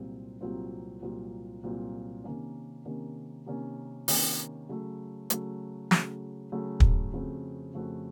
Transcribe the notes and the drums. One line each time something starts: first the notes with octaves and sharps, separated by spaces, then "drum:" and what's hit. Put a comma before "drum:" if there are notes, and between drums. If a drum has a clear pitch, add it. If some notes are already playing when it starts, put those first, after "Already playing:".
Already playing: C2 A#2 F#3 C4 F4
C2 A#2 F#3 C4 F4
C2 A#2 F#3 C4 F4
C2 A#2 F#3 C4 F4
C3 D#3 A#3 C#4
C3 D#3 A#3 C#4
C3 D#3 A#3 C#4
C3 D#3 A#3 C#4, drum: open hi-hat
C#3 F#3 A3
C#3 F#3 A3, drum: hi-hat
C#3 F#3 A3, drum: snare
C#3 F#3 A3
drum: kick
F2 C#3 A3 C4 F#4
F2 C#3 A3 C4 F#4